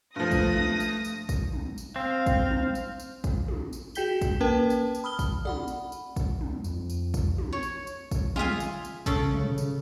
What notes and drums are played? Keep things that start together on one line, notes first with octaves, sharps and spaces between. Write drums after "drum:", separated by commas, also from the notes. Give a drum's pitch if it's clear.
G2 F3 A3 D#6 A#6
drum: kick A1, tambourine
drum: tom
drum: tambourine
drum: tambourine
drum: kick A1, tambourine
drum: tom
drum: tambourine
C4 F5
drum: kick A1, tambourine
drum: tom
drum: tambourine
drum: tambourine
drum: kick A1, tambourine
drum: tom
drum: tambourine
F#4 G#4 G5 G6 B6 G7, drum: tambourine
drum: kick A1, tambourine
A#3 C#4 A#4 B4 G5 A5
drum: tambourine
drum: tambourine
B5 D#6 F6 G7
drum: kick A1, tambourine
D5 F#5 B5, drum: tom
drum: tambourine
drum: tambourine
drum: kick A1, tambourine
drum: tom
F2, drum: tambourine
drum: tambourine
drum: kick A1, tambourine
drum: tom
C#5
drum: tambourine
drum: tambourine
drum: kick A1, tambourine
F4 G#4 E5 F5 G#5, drum: tom
drum: tambourine
drum: tambourine
C#3 A4, drum: kick A1, tambourine
drum: tom
drum: tambourine